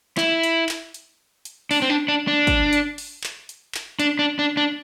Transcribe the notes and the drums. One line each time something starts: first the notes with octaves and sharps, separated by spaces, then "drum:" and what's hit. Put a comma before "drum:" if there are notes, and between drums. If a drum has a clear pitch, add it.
E4, drum: clap
drum: hi-hat
drum: clap
drum: hi-hat
drum: hi-hat
D4, drum: open hi-hat
C4
D4
D4
D4
drum: kick, hi-hat
drum: hi-hat
drum: open hi-hat
drum: clap
drum: hi-hat
drum: clap
D4, drum: hi-hat
D4
D4
D4